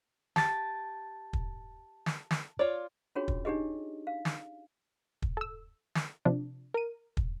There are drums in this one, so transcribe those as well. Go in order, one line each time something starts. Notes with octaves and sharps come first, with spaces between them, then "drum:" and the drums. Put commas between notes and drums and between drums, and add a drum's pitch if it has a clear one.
G4 A5 A6, drum: snare
drum: kick
drum: snare
drum: snare
F4 C#5 D5
C#4 D4 F4 F#4 G#4 C#5
drum: kick
D4 D#4 G4 G#4 D#5
F5
drum: snare
drum: kick
A4 E6
drum: snare
C3 F3 D4
A#4 D#7
drum: kick